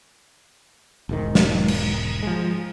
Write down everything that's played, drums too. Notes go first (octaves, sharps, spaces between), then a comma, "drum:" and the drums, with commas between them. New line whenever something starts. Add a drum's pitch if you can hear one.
E1 G#2 D#3
drum: snare
drum: cymbal
F3 G#3